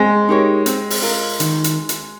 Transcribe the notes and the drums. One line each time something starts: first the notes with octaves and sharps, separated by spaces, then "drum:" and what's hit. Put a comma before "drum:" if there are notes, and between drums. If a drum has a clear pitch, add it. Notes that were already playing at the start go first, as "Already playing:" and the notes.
Already playing: G#3 C4
D#4 G4 A#4 C#5
C4, drum: hi-hat
drum: open hi-hat
F4 A#4
D#3, drum: hi-hat
drum: hi-hat
drum: hi-hat